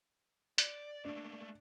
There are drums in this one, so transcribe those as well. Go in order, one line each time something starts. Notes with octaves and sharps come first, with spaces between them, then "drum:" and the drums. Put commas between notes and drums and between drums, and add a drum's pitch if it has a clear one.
D5, drum: hi-hat
A3 A#3 D4